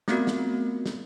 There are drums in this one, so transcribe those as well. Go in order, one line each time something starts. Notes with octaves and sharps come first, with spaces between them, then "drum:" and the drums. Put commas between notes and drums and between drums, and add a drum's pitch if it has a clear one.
A3 B3 C4 F4 F#4 A#4, drum: snare
drum: snare
drum: snare